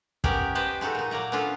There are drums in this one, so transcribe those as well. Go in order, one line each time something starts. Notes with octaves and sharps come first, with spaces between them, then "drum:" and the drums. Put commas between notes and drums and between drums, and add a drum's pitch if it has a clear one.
B3 C#4 G4 A#4 D5 G5, drum: kick
G4 B4 C5 D#5 A5
G#3 D#4 F#4 A4
A#2 D#4
F#3 A#3 D5 A#5
B3 C#4 D4 F4 A4